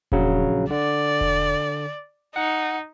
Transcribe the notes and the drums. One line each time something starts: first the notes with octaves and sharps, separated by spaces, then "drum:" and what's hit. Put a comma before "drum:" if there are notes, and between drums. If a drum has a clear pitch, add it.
A#1 C#3 F#3, drum: kick E1
D3 D5
drum: kick E1
D#4 F#5